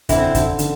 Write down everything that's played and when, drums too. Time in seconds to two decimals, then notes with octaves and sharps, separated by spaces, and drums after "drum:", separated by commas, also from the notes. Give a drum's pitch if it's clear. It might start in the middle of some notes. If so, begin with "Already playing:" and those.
0.09 D3 C4 E4, drum: kick, hi-hat
0.34 D3, drum: kick, hi-hat
0.59 D3, drum: hi-hat